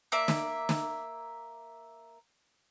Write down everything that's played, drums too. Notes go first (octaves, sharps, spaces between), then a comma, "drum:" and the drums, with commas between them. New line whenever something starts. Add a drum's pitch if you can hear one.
A#3 D5 E5
drum: snare
drum: snare